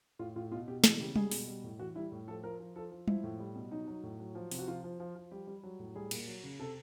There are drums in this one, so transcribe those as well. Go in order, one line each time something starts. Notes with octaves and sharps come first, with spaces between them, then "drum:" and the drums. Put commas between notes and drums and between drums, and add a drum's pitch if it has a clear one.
A2 F4
A2 F4
B2 F4
B2 G4
E3 G#4, drum: snare
C#3 G4
G3 G#4, drum: tom G3
B2, drum: open hi-hat
G3
A2
E3 F#4
G3 E4
A2
F3 A4
F3 A#4
F3
F3 A4
F3
F3 E4, drum: tom G3
A2
G3
B2
F#3 D#4
F#3
A2
F#3
F3
C3, drum: open hi-hat
F#4
F3 F4
F3
F3
F3
G3 G4
G3
F#3
A2
G3 G#4
A#2, drum: cymbal
F#3
C#3
C3 A4